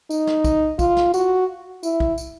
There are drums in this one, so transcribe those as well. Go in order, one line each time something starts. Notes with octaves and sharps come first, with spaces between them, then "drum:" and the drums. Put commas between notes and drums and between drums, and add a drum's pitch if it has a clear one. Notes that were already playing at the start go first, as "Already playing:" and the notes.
D#4, drum: tambourine
drum: snare
drum: kick, tambourine
F4, drum: kick, tambourine
drum: snare
F#4, drum: tambourine
E4, drum: tambourine
drum: kick
drum: tambourine